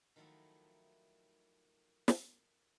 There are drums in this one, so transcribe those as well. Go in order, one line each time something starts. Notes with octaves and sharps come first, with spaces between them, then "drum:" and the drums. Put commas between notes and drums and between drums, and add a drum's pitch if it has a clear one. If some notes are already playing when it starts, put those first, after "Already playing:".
D#3 F3 F#3 A3 D#4 E4
drum: snare